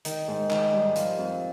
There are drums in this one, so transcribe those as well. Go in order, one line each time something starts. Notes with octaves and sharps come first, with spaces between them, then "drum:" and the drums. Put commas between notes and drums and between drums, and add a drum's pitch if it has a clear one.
D#3, drum: hi-hat
G#2
D#3, drum: clap
G3
F3, drum: hi-hat
F2